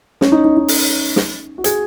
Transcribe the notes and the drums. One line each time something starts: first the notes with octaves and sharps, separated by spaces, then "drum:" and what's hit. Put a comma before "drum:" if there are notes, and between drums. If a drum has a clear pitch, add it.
C#4, drum: snare
D#4
D#4
D#4
drum: open hi-hat
drum: snare
F#4
G#4, drum: hi-hat